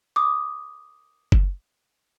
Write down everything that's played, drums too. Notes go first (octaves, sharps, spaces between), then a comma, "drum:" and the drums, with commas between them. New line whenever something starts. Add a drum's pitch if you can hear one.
D6 D#6
drum: kick F#1